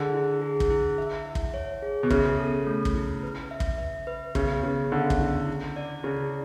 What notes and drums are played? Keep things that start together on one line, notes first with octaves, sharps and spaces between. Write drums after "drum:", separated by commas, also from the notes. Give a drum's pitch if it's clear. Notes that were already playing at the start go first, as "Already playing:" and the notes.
Already playing: D3 G#4
E4
G#4
drum: kick
E4
E5
E5
drum: kick
C#5
G#4
B2
C#3 E5, drum: kick
A4
A3
drum: kick
E4
B4
E5
drum: kick
E5
B4
C#3 B3, drum: kick
C#3 B3
D3 B3
drum: kick
E4
E4
D5
C#3 E4